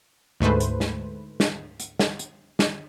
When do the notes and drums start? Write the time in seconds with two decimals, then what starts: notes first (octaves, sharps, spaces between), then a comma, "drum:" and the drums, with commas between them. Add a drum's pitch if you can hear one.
0.41 D2 G#2 A3 B4 C5
0.60 drum: hi-hat
0.80 drum: snare
1.40 drum: snare
1.80 drum: hi-hat
1.99 drum: snare
2.19 drum: hi-hat
2.59 drum: snare